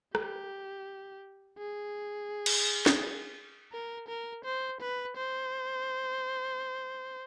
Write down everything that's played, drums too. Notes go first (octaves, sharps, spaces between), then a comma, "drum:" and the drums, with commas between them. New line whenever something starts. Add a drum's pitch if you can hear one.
G4, drum: rim click
G#4
drum: cymbal
drum: snare
A#4
A#4
C5
B4
C5